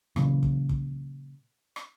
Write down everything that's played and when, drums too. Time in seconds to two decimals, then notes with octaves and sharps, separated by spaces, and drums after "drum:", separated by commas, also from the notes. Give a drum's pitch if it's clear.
0.16 A#2 C#3 E3 F#3, drum: rim click
0.43 drum: kick
0.69 drum: kick
1.76 drum: rim click